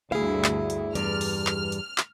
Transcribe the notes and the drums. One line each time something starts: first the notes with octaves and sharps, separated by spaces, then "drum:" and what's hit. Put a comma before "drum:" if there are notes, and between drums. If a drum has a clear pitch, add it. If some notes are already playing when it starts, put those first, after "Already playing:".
D2 G2 E4 G#4 F5
drum: clap
drum: hi-hat
E2 G2 D5 F6, drum: hi-hat
drum: open hi-hat
drum: clap
drum: hi-hat
drum: clap